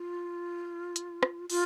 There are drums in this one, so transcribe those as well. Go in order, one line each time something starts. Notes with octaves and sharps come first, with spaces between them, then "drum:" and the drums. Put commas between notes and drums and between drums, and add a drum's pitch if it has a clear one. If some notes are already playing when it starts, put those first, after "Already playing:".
Already playing: F4
drum: hi-hat
drum: rim click
F4, drum: open hi-hat